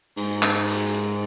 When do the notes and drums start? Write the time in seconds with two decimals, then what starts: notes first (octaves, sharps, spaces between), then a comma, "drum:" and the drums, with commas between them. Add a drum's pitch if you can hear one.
0.17 G#2, drum: open hi-hat
0.42 drum: clap
0.68 drum: open hi-hat
0.94 drum: hi-hat